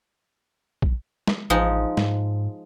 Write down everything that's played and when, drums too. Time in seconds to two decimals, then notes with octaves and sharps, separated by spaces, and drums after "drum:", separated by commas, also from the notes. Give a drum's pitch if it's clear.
0.82 drum: kick A#1
1.27 drum: snare
1.50 A1 F3 G#3 D#4
1.97 G#2, drum: snare